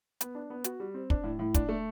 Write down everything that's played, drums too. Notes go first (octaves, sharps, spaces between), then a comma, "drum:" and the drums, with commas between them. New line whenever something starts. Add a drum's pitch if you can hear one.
B3, drum: hi-hat
D4
B3
F#4, drum: hi-hat
G3
C4
D4, drum: kick
A2
A2
D4, drum: kick, hi-hat
A3